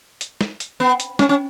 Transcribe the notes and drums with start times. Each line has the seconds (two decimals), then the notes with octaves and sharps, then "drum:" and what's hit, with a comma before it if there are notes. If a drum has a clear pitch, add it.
0.21 drum: hi-hat
0.41 drum: snare
0.60 drum: hi-hat
0.80 B3
1.00 drum: hi-hat
1.19 C#4, drum: snare
1.29 C#4